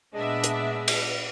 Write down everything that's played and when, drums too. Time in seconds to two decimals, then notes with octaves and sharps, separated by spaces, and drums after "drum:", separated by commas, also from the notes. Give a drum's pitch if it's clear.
0.14 A#2 G#3 B3 D4 D#5 E5
0.44 drum: hi-hat
0.88 drum: cymbal